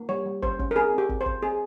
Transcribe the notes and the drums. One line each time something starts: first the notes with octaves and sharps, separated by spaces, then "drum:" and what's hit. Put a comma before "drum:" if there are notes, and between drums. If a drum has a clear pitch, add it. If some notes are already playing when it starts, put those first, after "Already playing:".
Already playing: A#3
G3 C#5
G3
C#4 C5, drum: kick
C#4, drum: kick
A#4
C4 G#4
C4
G4
C4, drum: kick
C5
C4, drum: kick
C4 G#4